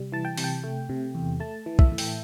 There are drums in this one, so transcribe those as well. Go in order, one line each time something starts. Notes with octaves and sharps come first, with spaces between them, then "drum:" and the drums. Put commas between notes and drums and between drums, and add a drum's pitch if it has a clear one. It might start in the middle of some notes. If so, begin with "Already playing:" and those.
Already playing: C3 G3
E3 A5
G5
C3, drum: open hi-hat
G5
A3
C3
E2
A3 A5
E3
E5, drum: kick
A2
G5, drum: open hi-hat